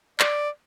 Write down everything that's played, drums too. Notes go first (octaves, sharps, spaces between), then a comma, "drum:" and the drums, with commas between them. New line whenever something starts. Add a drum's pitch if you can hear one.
D5, drum: clap